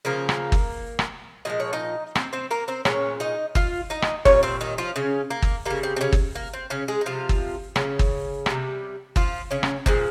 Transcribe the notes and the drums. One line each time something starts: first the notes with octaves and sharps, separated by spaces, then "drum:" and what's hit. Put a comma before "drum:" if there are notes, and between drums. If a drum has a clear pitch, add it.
C#3 F3 A#3 A#4
drum: rim click
drum: kick G1
drum: rim click
A#2 F3 G#3 D#5
C#5
D#4 D#5
C4 C5, drum: rim click
C4 C5
A#3 A#4
C4 C5
A#2 G#3 C#4 C#5, drum: rim click
D#4 D#5
F4 F5, drum: kick G1
D#4 D#5
drum: rim click
A#2 G3 C#4 C#5, drum: kick G1
C4 C5
D#3 D#4
F3 F4
C#3 C#4
A#3
drum: kick G1
C#3 G3 A#3
C4
C4
C#3 C#4
drum: kick G1
A#3
C4
C#3 C#4
G#3 G#4
D#4
C3 F3 G3 F4
drum: kick G1
C#3 C#4, drum: rim click
drum: kick G1
C3 G3, drum: rim click
F3 F4, drum: kick G1
C#3 C#4
drum: rim click
A#2 F3 G#3 C4, drum: kick G1